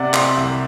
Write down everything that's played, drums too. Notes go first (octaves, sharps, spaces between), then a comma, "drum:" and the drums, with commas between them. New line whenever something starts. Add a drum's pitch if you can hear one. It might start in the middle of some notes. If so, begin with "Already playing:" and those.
Already playing: C3 D5 F#5
C4, drum: clap
C2